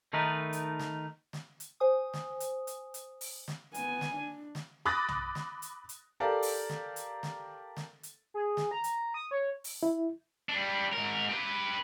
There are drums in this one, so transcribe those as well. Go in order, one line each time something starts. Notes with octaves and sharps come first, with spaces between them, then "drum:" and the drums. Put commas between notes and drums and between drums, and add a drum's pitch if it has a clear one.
D#3 A3 D#4 A#4 B4
drum: hi-hat
drum: snare
drum: snare
drum: hi-hat
C5 G#5 D#6
drum: snare
drum: hi-hat
drum: hi-hat
drum: hi-hat
drum: open hi-hat
drum: snare
B3 G#5, drum: hi-hat
drum: snare
D4
drum: snare
B5 D6 D#6 F#6 A6 A#6
drum: tom B1
drum: snare
drum: hi-hat
drum: hi-hat
G4 A4 A#4 D5 F5
drum: open hi-hat
drum: snare
drum: hi-hat
drum: snare
drum: snare
drum: hi-hat
G#4
drum: snare
A#5
drum: hi-hat
D#6
C#5
drum: open hi-hat
E4
G3 D4
G#2 A#4
G4 B4